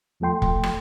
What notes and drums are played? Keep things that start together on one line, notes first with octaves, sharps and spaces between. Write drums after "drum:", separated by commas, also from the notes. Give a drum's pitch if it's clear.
E2 F3 A3 A4 G5 C6
drum: kick
drum: rim click